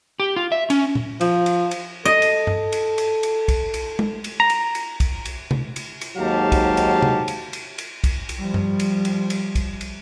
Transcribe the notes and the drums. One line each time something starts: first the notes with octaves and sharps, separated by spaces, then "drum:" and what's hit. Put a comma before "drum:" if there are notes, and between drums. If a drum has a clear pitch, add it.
G4
F4
E5
C#4, drum: cymbal
drum: tom A#2
F3, drum: cymbal
drum: cymbal
drum: cymbal
A4 D#5
drum: cymbal
drum: tom G2
drum: cymbal
drum: cymbal
drum: cymbal
drum: kick, cymbal
drum: cymbal
drum: tom G#3
drum: cymbal
A#5
drum: cymbal
drum: cymbal
drum: kick, cymbal
drum: cymbal
drum: tom C3
drum: cymbal
drum: cymbal
D#2 G#2 F#3 G4 F5 A5
drum: kick, cymbal
drum: cymbal
drum: tom C3
drum: cymbal
drum: cymbal
drum: cymbal
drum: kick, cymbal
drum: cymbal
F3 G3
drum: tom G2
drum: cymbal
drum: cymbal
drum: cymbal
drum: kick, cymbal
drum: cymbal